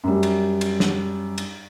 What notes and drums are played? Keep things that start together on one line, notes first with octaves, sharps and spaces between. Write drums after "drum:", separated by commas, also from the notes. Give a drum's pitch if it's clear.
F#2 G3
drum: cymbal
drum: cymbal
drum: snare
drum: cymbal